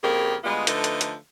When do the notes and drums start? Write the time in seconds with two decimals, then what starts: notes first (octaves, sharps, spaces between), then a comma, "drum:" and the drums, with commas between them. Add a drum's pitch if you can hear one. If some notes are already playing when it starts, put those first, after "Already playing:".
0.03 F2 C#3 A#3 G4 G#4 A#4
0.44 D2 G3 G#3 B3 F4 D#5
0.67 D3 F3 A3 D#4 A4 B4, drum: hi-hat
0.84 drum: hi-hat
1.01 drum: hi-hat